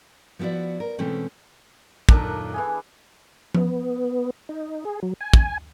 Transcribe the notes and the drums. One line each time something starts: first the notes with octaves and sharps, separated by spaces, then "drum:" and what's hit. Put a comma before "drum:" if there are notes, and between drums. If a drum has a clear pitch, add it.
F3 B3 E4 F#4 D5
A#4
B2 E3 G#3 A3 C4 C#4
F#2 A#2 D#3 D4 A4, drum: kick
E3 E4 G#4
B3, drum: tom F3
D#4
G#4
F#3
G#5
drum: kick